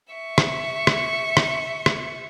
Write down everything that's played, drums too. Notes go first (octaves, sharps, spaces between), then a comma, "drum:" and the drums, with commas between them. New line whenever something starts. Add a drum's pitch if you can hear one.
E5 C#6
drum: rim click
drum: rim click
drum: rim click
drum: rim click